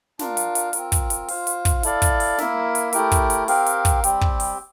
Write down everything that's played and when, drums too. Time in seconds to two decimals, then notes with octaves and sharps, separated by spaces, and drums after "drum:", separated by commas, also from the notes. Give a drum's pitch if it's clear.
0.19 D4 F4 A#4 F5, drum: snare
0.37 drum: hi-hat
0.55 drum: hi-hat
0.73 C4 F4 A#4, drum: hi-hat
0.92 drum: kick, hi-hat
1.10 drum: hi-hat
1.28 F4 C5 F5, drum: open hi-hat
1.47 drum: hi-hat
1.65 drum: kick, hi-hat
1.83 E4 A4 D5 F5, drum: hi-hat
2.02 drum: kick, hi-hat
2.20 drum: open hi-hat
2.38 A#3 E4 A#4 E5, drum: snare
2.75 drum: hi-hat
2.93 A3 E4 G4 A#4, drum: hi-hat
3.12 drum: kick, hi-hat
3.30 drum: hi-hat
3.48 C4 G4 A#4 F5, drum: open hi-hat
3.66 drum: hi-hat
3.85 drum: kick, hi-hat
4.04 G3 C4 G4, drum: hi-hat
4.21 drum: kick
4.40 drum: open hi-hat